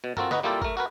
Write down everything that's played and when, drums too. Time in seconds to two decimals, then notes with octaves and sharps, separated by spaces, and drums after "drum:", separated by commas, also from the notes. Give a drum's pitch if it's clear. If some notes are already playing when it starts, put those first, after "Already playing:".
0.04 B2
0.17 C4 F4 F#4 A4 A#4, drum: tom G2
0.31 D#4 F#4 B4 D#5, drum: snare
0.43 G3 A#3 E4 F4 G4 A4
0.62 A3 A#4, drum: kick
0.77 F#4 A#4 B4